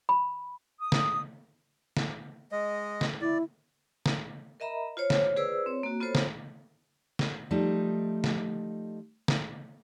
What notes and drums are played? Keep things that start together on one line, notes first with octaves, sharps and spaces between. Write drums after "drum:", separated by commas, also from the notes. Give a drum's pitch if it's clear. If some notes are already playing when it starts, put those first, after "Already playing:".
B5
D#6
drum: snare
drum: snare
G#3 D#5
drum: snare
E4 D5
drum: snare
A#4 D#5 E5 A#5 B5
F4 C5 C#5
drum: snare
F4 G#4 B4 C5 D5 E6
C4 C#5
A#3 F#4
B3 F4 A4 C5 C#5
drum: snare
drum: snare
F3 G3 A3 D#4
drum: snare
drum: snare